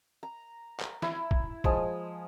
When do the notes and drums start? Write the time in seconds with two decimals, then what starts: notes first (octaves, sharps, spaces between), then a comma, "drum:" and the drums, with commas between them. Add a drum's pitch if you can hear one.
0.23 A#5
0.80 drum: clap
1.02 E4, drum: snare
1.31 drum: kick
1.64 F3 G#3 D#6, drum: kick